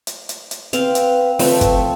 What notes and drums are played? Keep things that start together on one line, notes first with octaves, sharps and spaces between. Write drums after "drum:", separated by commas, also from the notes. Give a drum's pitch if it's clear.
drum: hi-hat
drum: hi-hat
drum: hi-hat
C4 B4 F5, drum: hi-hat
drum: hi-hat
F3 A3 C4 B4, drum: open hi-hat
drum: kick, hi-hat